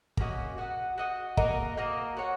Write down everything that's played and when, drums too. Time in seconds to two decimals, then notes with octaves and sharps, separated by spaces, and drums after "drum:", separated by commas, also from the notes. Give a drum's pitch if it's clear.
0.17 A#3 C#4 F#4 D#5, drum: kick
0.58 F#4 D#5 F#5
0.98 F#4 D#5 F#5
1.37 A#3 F#4 A#4 D#5, drum: kick
1.77 A#3 F#4 A#4 D#5
2.17 F#4 C#5 F#5